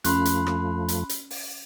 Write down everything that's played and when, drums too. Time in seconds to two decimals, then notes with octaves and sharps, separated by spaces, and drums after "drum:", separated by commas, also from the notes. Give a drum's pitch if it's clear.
0.04 F2 F3 A3 C#4 B5 C6 F#6, drum: hi-hat
0.25 drum: hi-hat
0.46 drum: rim click
0.88 drum: hi-hat
1.09 drum: hi-hat
1.30 drum: open hi-hat